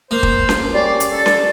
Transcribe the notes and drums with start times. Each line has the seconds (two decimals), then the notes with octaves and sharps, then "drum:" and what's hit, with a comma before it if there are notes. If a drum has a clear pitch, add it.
0.11 A#3 C5
0.23 drum: kick
0.49 drum: snare C#4
0.74 G3 C#4 G4 D5 C7
1.00 drum: hi-hat
1.12 A4 A6
1.26 drum: snare C#4